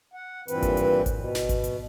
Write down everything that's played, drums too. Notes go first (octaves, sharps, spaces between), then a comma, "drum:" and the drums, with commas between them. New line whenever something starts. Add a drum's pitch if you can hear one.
F#5
G2 A#2 E3 C4 B4, drum: hi-hat
drum: kick G#1, hi-hat
drum: hi-hat
drum: kick G#1, hi-hat
B2
drum: snare
drum: kick G#1, hi-hat
drum: hi-hat